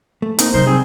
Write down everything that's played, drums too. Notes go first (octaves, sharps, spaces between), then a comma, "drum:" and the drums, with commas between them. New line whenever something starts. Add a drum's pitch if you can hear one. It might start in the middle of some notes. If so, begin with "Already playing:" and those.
A3
A#3 C4 D#4, drum: hi-hat
C3 F#3 D#4 A#4 C5
G3 C4 G#4